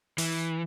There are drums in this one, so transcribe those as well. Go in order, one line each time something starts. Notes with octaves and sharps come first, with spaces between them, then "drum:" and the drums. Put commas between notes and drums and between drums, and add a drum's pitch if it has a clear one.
E3, drum: open hi-hat